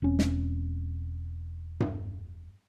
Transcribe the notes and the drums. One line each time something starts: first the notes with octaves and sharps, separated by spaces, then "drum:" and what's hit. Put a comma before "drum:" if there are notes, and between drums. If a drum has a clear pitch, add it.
E1 C4 C#4
drum: snare
drum: tom G2